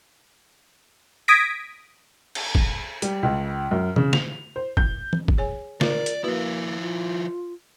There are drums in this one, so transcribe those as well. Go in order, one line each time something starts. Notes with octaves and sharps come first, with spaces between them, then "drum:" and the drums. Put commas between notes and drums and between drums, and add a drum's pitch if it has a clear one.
D#6 G#6 A#6 B6 D7
drum: cymbal
drum: kick
G3, drum: hi-hat
C#2
F#2
C#3, drum: tom E3
F7, drum: snare
C5
G6, drum: kick
drum: tom E3
drum: kick
G#4 C#5 G#5
F4 A#4 D5, drum: snare
drum: hi-hat
F3 A#3 E4 F#4 B4
F4